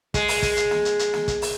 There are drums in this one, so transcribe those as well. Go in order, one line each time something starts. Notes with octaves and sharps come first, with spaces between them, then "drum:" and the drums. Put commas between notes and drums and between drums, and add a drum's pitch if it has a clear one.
G#3, drum: kick, hi-hat
drum: open hi-hat
drum: kick, hi-hat
drum: hi-hat
drum: snare
drum: hi-hat
drum: hi-hat
drum: snare
drum: kick, hi-hat
drum: open hi-hat